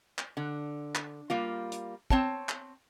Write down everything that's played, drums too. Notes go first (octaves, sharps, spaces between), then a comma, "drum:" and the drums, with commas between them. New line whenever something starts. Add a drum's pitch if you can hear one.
drum: clap
D3
drum: clap
G3 A#3 F4
drum: hi-hat
C4 C#5 A5, drum: kick
drum: clap